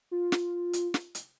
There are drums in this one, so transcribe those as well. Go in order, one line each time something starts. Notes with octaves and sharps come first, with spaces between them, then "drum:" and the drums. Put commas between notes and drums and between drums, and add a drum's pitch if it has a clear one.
F4
drum: snare
drum: hi-hat
drum: snare
drum: hi-hat